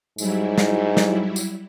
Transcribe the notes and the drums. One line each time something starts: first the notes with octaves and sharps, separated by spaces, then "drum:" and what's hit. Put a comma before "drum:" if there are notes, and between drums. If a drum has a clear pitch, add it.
G#2 F#3 G3 E4, drum: tambourine
drum: snare
drum: snare
drum: tambourine